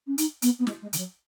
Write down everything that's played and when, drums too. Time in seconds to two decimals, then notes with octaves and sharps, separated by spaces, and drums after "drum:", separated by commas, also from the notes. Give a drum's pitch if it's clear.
0.07 C#4
0.18 D#4, drum: hi-hat
0.42 B3, drum: hi-hat
0.59 B3
0.67 G#3, drum: snare
0.82 G#3
0.93 D#3, drum: hi-hat
0.98 F#3